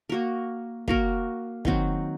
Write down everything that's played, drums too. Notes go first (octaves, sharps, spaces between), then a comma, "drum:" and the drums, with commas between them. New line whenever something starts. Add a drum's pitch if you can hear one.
A#3 F#4 A#4
A#3 F#4 A#4, drum: kick
D#3 F#3 C4 F#4, drum: kick